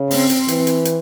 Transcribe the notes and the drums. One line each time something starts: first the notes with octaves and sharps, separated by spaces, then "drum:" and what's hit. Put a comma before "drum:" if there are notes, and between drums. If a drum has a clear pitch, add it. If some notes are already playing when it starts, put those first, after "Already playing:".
Already playing: C#3
C4, drum: open hi-hat
drum: hi-hat
E3, drum: hi-hat
drum: hi-hat
drum: hi-hat